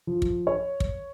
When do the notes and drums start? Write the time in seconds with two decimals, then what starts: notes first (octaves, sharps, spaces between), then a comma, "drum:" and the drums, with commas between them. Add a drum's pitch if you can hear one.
0.07 F3
0.22 drum: kick
0.47 C#5
0.80 drum: kick